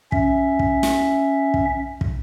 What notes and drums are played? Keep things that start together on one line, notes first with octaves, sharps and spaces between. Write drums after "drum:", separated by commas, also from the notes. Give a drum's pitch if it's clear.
C#4 E5, drum: kick
drum: kick
drum: snare
drum: kick
drum: kick